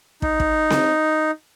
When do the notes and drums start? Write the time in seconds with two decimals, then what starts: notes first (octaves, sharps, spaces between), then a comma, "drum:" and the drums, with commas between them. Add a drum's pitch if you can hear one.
0.22 D#4, drum: kick
0.40 drum: kick
0.70 drum: snare C4